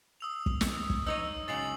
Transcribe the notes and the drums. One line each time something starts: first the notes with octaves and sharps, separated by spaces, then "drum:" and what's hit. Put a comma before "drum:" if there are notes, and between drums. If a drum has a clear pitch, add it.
D#6 E6 F7
drum: kick
drum: snare
drum: kick
D#4 C#5 D#5 E6
C#3 F#3 G#3 A6 C7 F#7